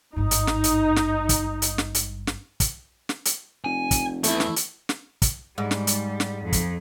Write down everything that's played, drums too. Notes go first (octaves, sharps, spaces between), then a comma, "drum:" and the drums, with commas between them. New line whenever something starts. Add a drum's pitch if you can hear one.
G#1 G2 D#4
drum: hi-hat
drum: snare
drum: hi-hat
drum: snare
drum: kick, hi-hat
drum: hi-hat
drum: snare
drum: hi-hat
drum: snare
drum: kick, hi-hat
drum: snare
drum: hi-hat
F1 G#5
drum: kick, hi-hat
E2 A3 E4, drum: hi-hat
drum: snare
drum: hi-hat
drum: snare
drum: kick, hi-hat
G#2 G3
drum: snare
drum: hi-hat
drum: snare
F2
drum: kick, hi-hat